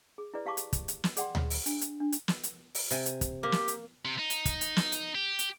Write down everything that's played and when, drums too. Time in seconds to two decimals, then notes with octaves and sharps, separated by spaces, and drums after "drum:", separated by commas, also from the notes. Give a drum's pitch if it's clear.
0.18 G#4
0.34 E4 G#4 B4 D5
0.46 G4 F5 A5 C#6 D6
0.57 drum: hi-hat
0.73 drum: kick, hi-hat
0.88 drum: hi-hat
1.04 drum: snare
1.17 G#4 D5 F#5 G5 C6, drum: hi-hat
1.35 drum: tom D2
1.50 drum: open hi-hat
1.66 D4, drum: hi-hat
1.81 drum: hi-hat
2.00 D4
2.12 drum: hi-hat
2.28 drum: snare
2.43 drum: hi-hat
2.75 drum: open hi-hat
2.91 C3 G#5, drum: hi-hat
3.06 drum: hi-hat
3.21 drum: kick, hi-hat
3.43 A#3 G4
3.52 drum: snare
3.68 drum: hi-hat
4.05 C3
4.19 D#4
4.30 drum: hi-hat
4.45 drum: kick, hi-hat
4.61 drum: hi-hat
4.77 drum: snare
4.92 drum: hi-hat
5.15 G4
5.39 drum: hi-hat